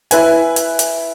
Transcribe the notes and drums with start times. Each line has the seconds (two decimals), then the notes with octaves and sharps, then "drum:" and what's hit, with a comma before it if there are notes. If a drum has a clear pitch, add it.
0.11 E4 B4 G#5, drum: hi-hat
0.56 drum: hi-hat
0.79 drum: hi-hat